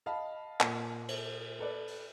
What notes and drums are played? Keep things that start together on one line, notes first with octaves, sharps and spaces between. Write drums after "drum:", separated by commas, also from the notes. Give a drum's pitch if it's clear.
D#5 F5 A5 B5
A#2, drum: clap
drum: cymbal
A4 B4 D5
drum: open hi-hat